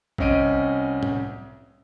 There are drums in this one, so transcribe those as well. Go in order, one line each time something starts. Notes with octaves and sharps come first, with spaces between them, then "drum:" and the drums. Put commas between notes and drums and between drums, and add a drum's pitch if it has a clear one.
C2 C4 C#4 D#5 D7 D#7, drum: kick
drum: tom